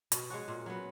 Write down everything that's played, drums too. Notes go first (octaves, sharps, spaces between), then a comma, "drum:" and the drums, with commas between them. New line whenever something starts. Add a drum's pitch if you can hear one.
B2, drum: hi-hat
G#3 C#4 F#4
A#2
F#3 B3